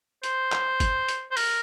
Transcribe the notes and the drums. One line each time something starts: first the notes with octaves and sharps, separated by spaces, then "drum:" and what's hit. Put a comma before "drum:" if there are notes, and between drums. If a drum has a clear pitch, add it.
C5, drum: hi-hat
drum: clap
drum: kick, hi-hat
drum: hi-hat
C5
A#4, drum: open hi-hat